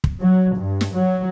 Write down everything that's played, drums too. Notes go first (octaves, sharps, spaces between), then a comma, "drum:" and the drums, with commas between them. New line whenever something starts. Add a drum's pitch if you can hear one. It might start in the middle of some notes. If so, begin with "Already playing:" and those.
drum: kick
F#3
G2
drum: snare
F#3